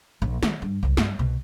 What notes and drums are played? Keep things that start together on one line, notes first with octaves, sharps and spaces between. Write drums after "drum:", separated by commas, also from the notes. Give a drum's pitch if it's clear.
A#1
D#3, drum: snare
G2
C2 F#2
G2, drum: snare
C2 B2